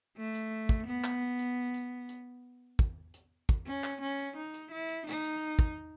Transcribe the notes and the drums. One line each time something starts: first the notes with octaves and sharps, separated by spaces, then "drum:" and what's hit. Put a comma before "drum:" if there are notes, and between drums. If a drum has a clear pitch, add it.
A3
drum: hi-hat
drum: kick, hi-hat
B3
drum: clap
drum: hi-hat
drum: hi-hat
drum: hi-hat
drum: kick, hi-hat
drum: hi-hat
drum: kick, hi-hat
C#4
drum: clap
C#4
drum: hi-hat
D#4
drum: hi-hat
E4
drum: hi-hat
D#4
drum: hi-hat
drum: kick, hi-hat